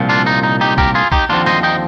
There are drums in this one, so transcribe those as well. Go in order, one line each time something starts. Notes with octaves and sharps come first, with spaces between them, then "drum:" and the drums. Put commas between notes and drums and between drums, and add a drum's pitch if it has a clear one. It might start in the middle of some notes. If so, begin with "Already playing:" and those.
Already playing: C2 A#2 F3
D4 F4
D#4
D#4
D#4 G4
G4 A#4, drum: kick A#1
F4 G#4
D#4 G4, drum: kick A#1
D#2 D3 F3 C4 D4 F4
C5 D#5, drum: snare
D#5 G5